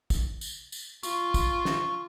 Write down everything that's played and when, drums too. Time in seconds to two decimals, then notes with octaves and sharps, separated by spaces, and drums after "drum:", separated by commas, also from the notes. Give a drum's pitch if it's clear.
0.10 drum: kick, tambourine
0.41 drum: tambourine
0.72 drum: tambourine
1.03 F4 C#6, drum: tambourine
1.34 drum: kick, tambourine
1.65 drum: snare